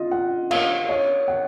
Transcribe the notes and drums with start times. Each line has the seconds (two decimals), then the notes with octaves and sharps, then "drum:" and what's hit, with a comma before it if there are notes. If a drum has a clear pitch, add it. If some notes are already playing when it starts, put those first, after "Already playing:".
Already playing: F4 D#5
0.11 F#5
0.51 F5, drum: cymbal
0.89 C#5
1.28 F#5